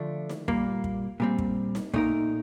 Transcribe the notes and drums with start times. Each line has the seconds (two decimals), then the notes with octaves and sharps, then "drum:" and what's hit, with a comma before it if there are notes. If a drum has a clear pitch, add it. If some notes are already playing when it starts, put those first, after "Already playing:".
Already playing: D3 F3 A3 D4
0.29 drum: snare D#4
0.48 A#2 G3 A#3, drum: kick
0.84 drum: kick
1.20 A#2 G3 C4
1.39 drum: kick
1.75 drum: snare D#4
1.94 A#2 A3 D#4 A#4, drum: kick